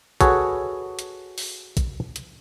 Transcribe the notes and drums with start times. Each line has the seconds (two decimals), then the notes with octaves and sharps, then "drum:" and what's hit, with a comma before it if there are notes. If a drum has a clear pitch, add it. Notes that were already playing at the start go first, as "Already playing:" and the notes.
0.21 F#4 G#4 A4 B4 C#5, drum: kick, hi-hat
0.99 drum: hi-hat
1.38 drum: open hi-hat
1.77 drum: kick, hi-hat
2.16 drum: hi-hat